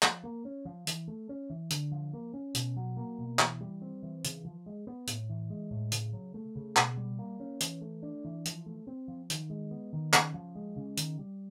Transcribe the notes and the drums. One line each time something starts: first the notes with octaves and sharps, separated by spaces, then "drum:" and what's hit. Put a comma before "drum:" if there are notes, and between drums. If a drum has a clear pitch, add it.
F3, drum: clap
A#3
C#4
F3
E3, drum: hi-hat
A3
C#4
E3
D3, drum: hi-hat
F3
A#3
C#4
B2, drum: hi-hat
F#3
A#3
B2
E3, drum: clap
G3
C4
E3
C#3, drum: hi-hat
F3
G#3
B3
A2, drum: hi-hat
E3
G#3
A2
C#3, drum: hi-hat
F#3
A3
C#3
B2, drum: clap
G3
A#3
C#4
E3, drum: hi-hat
A3
D4
E3
F3, drum: hi-hat
A3
C4
F3
D#3, drum: hi-hat
G#3
B3
D#3
C#3, drum: clap
F3
G#3
C#3
D#3, drum: hi-hat
G3